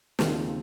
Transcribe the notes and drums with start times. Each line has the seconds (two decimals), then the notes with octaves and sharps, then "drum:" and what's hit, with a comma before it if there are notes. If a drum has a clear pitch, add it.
0.19 D#2 C#3 F3 C4, drum: snare